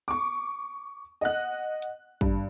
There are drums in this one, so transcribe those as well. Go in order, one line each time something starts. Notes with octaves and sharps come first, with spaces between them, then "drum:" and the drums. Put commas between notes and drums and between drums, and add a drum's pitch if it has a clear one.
C#6 D6
D#5 F#5 F#6
drum: hi-hat
G2, drum: kick